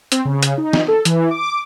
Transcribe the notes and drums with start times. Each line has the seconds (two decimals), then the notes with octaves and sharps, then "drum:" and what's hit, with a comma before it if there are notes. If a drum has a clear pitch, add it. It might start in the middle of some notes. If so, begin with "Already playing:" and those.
0.12 C4, drum: hi-hat
0.25 C#3
0.43 drum: hi-hat
0.58 D#4
0.73 drum: snare
0.88 A4
1.05 E3, drum: hi-hat
1.31 D6